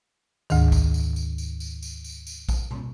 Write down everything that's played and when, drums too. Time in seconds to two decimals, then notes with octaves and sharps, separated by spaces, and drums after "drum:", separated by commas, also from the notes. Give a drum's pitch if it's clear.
0.50 D2 G#2 D#3, drum: tambourine
0.72 drum: kick A#1, tambourine
0.94 drum: tambourine
1.16 drum: tambourine
1.38 drum: tambourine
1.60 drum: tambourine
1.82 drum: tambourine
2.04 drum: tambourine
2.27 drum: tambourine
2.49 drum: kick A#1, tambourine
2.71 drum: tom B2